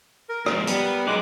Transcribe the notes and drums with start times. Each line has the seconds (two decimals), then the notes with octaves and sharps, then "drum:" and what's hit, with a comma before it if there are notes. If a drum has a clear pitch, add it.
0.29 A#4
0.46 G#2 F3 A#4, drum: rim click
0.67 G3 B3, drum: hi-hat
1.07 F#3 G#3 D#4 D6 F#6